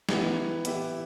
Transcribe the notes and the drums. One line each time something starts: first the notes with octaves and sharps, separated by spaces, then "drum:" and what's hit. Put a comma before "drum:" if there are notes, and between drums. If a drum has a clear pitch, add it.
E3 B3 E4 G4, drum: snare
E3 B3 E4 G4, drum: hi-hat